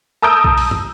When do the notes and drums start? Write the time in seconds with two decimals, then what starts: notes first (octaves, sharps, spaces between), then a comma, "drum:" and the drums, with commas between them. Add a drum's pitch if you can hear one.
0.22 A5 A#5 D#6 E6 G6 D7
0.44 drum: kick B1
0.58 drum: open hi-hat
0.71 drum: tom